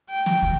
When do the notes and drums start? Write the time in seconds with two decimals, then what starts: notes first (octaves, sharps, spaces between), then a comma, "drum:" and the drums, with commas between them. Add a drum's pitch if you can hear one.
0.10 G5
0.26 drum: snare
0.42 drum: kick